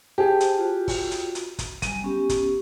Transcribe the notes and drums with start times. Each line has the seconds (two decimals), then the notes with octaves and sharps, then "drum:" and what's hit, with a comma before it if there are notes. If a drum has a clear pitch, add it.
0.18 G4 G#4 C5 A5
0.40 drum: hi-hat
0.57 F4 F#4
0.88 drum: kick, open hi-hat
1.11 drum: hi-hat
1.35 drum: hi-hat
1.59 drum: kick, hi-hat
1.82 F#3 G3 G#5 D#7, drum: kick, hi-hat
2.02 B3 C#4 G4
2.29 drum: kick, hi-hat